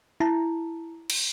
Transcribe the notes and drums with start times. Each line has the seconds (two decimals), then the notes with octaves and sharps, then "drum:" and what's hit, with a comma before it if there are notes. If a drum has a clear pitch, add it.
0.20 E4 A5 A#5
1.10 drum: cymbal